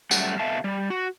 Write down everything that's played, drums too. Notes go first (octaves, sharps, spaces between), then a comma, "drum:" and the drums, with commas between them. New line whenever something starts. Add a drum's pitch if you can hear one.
F#2 G3 A3 F#5, drum: tambourine
B2 A3 E5 F5 A5
G3
F#4